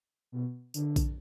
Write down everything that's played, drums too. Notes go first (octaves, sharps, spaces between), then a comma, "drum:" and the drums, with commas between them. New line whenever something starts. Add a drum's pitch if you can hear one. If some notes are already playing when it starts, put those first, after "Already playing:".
B2
D3, drum: tambourine
drum: kick A#1, tambourine